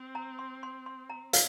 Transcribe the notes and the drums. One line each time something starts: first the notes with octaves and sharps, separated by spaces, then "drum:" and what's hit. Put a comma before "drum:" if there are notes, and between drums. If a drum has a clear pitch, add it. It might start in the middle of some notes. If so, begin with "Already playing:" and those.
Already playing: C4
A#5
C6
C6
C6
A#5
F5, drum: hi-hat